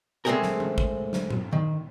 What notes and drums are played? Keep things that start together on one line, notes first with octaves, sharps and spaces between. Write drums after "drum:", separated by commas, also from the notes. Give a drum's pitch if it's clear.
G#3 A3 C4 G4 G#4 A#4
drum: snare
drum: tom E3
drum: kick
drum: snare
drum: tom A2
D#3